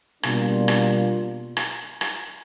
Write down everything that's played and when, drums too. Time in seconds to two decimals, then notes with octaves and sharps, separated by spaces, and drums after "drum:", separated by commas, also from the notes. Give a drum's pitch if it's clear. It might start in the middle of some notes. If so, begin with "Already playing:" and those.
0.23 B2 G3 A#3 D4 F4, drum: rim click
0.68 drum: rim click
1.57 drum: rim click
2.01 drum: rim click